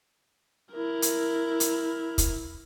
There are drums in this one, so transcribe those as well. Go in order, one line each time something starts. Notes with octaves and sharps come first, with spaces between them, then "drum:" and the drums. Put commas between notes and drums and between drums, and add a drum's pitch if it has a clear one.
E4 A#4
drum: hi-hat
drum: hi-hat
drum: kick, hi-hat